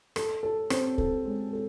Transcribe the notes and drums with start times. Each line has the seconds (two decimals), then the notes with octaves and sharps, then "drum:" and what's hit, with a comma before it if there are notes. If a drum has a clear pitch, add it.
0.16 A4, drum: rim click
0.43 A4
0.70 C4, drum: rim click
0.98 A4, drum: kick
1.25 G#3
1.53 A4